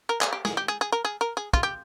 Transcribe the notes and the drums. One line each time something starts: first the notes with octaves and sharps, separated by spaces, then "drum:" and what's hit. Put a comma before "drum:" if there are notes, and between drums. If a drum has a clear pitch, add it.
A#4
G#4, drum: clap
G4
G#4, drum: snare
G4
G#4
G#4
A#4
G#4
A#4
G#4
F4, drum: kick
G4